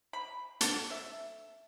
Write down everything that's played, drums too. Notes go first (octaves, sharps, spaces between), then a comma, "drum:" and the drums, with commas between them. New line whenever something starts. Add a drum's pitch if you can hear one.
B5
A4, drum: hi-hat
E5